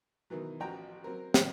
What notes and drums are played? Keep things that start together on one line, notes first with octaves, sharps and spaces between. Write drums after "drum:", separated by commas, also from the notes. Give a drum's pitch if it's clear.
B2 D#3 E3 F#3
A1 F3 F#4 G5 A#5
F#3 C4 A#4
drum: snare